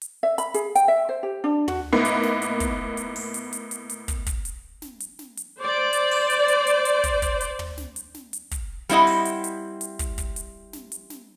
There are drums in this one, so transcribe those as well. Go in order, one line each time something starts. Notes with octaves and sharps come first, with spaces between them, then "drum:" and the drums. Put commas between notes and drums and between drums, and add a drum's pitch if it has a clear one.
drum: hi-hat
E5
B5, drum: hi-hat
G#4, drum: hi-hat
G5, drum: hi-hat
E5
C5
G4
D4
F#4, drum: tom
A2 A#3 B3 D#4
drum: hi-hat
drum: snare
drum: hi-hat
drum: kick, hi-hat
drum: hi-hat
drum: open hi-hat
drum: hi-hat
drum: hi-hat
drum: hi-hat
drum: hi-hat
drum: kick, hi-hat
drum: kick, hi-hat
drum: hi-hat
drum: snare
drum: hi-hat
drum: snare
drum: hi-hat
C5 D5
drum: hi-hat
drum: open hi-hat
drum: hi-hat
drum: hi-hat
drum: hi-hat
drum: hi-hat
drum: kick, hi-hat
drum: kick, hi-hat
drum: hi-hat
drum: tom
drum: snare
drum: hi-hat
drum: snare
drum: hi-hat
drum: kick, hi-hat
G3 C4 E4 F4 D#5 F#5, drum: hi-hat
drum: open hi-hat
drum: hi-hat
drum: hi-hat
drum: hi-hat
drum: kick, hi-hat
drum: kick, hi-hat
drum: hi-hat
drum: snare
drum: hi-hat
drum: snare